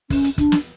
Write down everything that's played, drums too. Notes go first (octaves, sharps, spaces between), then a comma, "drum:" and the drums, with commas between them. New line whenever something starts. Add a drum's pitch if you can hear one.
C#4, drum: kick, open hi-hat
drum: hi-hat
D4, drum: kick, hi-hat
drum: snare